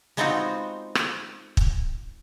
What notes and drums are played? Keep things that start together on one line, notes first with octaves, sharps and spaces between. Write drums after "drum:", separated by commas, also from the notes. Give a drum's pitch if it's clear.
G#3 B3 C4 D#4 F4 F#4
drum: rim click
drum: kick